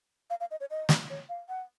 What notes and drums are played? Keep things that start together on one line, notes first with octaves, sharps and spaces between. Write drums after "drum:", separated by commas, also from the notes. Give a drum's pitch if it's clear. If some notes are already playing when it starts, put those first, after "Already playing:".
F5
F5
D#5
C#5
D#5
drum: snare
C#5
F5
F#5